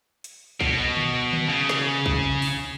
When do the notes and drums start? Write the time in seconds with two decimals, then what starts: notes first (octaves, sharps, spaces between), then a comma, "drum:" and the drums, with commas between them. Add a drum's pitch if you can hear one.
0.24 drum: hi-hat
0.61 B2, drum: kick
0.97 drum: tom
1.33 drum: tom D3
1.49 C#3
1.69 drum: snare
2.06 drum: kick
2.42 drum: open hi-hat